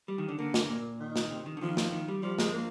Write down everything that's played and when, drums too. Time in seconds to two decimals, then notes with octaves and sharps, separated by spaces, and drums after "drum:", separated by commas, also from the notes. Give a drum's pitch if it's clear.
0.08 G3
0.18 D#3
0.29 D3
0.39 D3 A#3
0.54 drum: snare
0.69 A#2
1.00 D#3
1.16 drum: snare
1.31 C3
1.46 D#3
1.57 D3
1.61 D#3 F3
1.77 drum: snare
1.92 D#3
2.08 G3
2.23 F3 G3
2.39 G#3, drum: snare
2.53 A#3